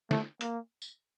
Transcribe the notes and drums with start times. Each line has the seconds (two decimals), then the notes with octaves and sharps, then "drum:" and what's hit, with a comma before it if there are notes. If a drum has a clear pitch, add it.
0.11 A3, drum: snare
0.41 A#3, drum: hi-hat
0.82 drum: tambourine